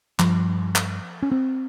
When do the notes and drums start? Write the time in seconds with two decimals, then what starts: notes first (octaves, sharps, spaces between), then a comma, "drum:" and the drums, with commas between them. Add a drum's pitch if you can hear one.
0.19 G2 F3, drum: clap
0.75 drum: clap
1.23 C#4
1.32 C4